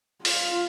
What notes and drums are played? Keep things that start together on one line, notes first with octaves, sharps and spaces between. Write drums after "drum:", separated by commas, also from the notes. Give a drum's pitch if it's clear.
F4, drum: open hi-hat